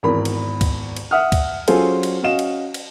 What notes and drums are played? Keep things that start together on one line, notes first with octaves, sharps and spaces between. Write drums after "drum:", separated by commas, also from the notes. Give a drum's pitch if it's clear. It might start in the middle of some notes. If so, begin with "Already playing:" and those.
G#1 E2 A#4 B5
drum: cymbal
drum: kick C#2, cymbal
drum: cymbal
E5 F#5 D#6 F6
drum: kick C#2, cymbal
F#3 C#4 F4 G#4 A4 C5, drum: cymbal
drum: cymbal
C#4 F#4 D#5 F5 E7
drum: cymbal
drum: cymbal